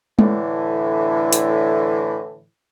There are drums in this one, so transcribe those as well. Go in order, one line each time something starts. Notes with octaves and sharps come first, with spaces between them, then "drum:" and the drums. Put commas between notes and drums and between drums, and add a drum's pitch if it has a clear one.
A2 D3 E3, drum: tom
drum: hi-hat